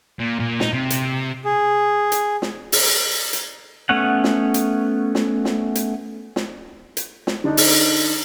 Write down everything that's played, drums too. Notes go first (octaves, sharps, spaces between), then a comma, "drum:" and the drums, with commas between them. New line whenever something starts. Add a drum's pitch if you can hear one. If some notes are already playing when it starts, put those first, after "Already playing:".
A#2
A#2
D#4, drum: snare
C3
drum: hi-hat
G#4
drum: hi-hat
drum: snare
drum: open hi-hat
drum: hi-hat
A3 B3 C#4 C#5 F#5
drum: snare
drum: hi-hat
drum: snare
drum: snare
drum: hi-hat
drum: snare
drum: hi-hat
drum: snare
D3 D4 D#4
drum: open hi-hat